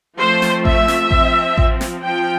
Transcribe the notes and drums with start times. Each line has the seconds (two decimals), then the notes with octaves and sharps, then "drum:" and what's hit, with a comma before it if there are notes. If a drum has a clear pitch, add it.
0.19 F3 A3 C4 C5
0.42 drum: snare
0.65 E5, drum: kick A1
0.88 drum: snare
1.11 F3 C4, drum: kick A1
1.58 drum: kick A1
1.81 drum: snare
2.04 F3 C4 G5